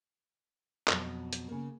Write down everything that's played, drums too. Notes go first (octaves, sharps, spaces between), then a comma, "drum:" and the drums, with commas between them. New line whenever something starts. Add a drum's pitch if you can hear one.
F2 B2 F#3, drum: clap
drum: hi-hat
C#3 A#3